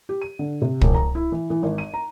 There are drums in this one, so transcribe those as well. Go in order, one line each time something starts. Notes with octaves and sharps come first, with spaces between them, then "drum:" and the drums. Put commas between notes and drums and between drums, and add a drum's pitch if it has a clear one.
G4
D#7
D3
C3
E1, drum: kick
A#5
E4
E3
E3
G#1
D#7
A#5